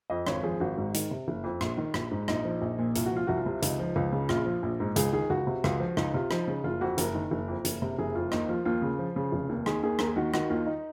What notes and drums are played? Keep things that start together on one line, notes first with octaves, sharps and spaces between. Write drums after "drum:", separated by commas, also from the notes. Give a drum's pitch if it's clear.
F2 D#5
G#1 C#5, drum: rim click
F3 G#4
G#1 F#4
G#2
D#3, drum: hi-hat
C3
F#1
F2
A#1, drum: rim click
D#3
A#1, drum: rim click
G#2
A#1 D#4, drum: rim click
F3
A#1
A#2
C2 F4, drum: hi-hat
F#4
F3 F4
C2 F#4
F4
C3
C#2 D#4, drum: hi-hat
F3
C#2
C#3
A#1 F4, drum: rim click
F3
A#1
G#2
C#2 G#4, drum: hi-hat
D#3 G#4
C#2 F#4
C3
C#2, drum: rim click
F3
C#2 D#4, drum: rim click
C3 F4
F3 D#4, drum: rim click
C#3
F#1 F4
F2 F#4
F#1 A#4, drum: hi-hat
D#3
F#1
F2
F#1, drum: hi-hat
C3
F#1 G#4
F2 F4
D#2 D#4, drum: rim click
F3 F4
D#2 F4
C#3
F3
C#3
F1
D#2
D#3 G#4, drum: rim click
D#2 G#4
D#2 A#4, drum: rim click
G#4
D#3 F#4
D#3 F#4, drum: rim click
D#2 F4
D#4